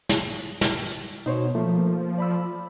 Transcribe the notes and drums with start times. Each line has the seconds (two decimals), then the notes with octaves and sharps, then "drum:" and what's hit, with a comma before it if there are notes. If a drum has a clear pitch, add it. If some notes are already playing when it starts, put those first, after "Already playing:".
0.09 drum: snare
0.61 drum: snare
0.86 drum: tambourine
1.26 B2 D#4 C5 C#5
1.55 F3 A3 A#3
1.67 F3
2.18 D5 B5 E6